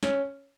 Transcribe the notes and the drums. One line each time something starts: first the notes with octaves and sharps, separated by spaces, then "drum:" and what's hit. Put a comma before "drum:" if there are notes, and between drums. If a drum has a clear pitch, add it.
C#4, drum: snare